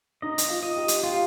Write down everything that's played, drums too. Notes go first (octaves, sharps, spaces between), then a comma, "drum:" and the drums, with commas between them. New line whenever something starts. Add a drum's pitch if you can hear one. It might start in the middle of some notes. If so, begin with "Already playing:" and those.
D#4 D#5
drum: hi-hat
F4
D#5
G4
drum: hi-hat
F4 G4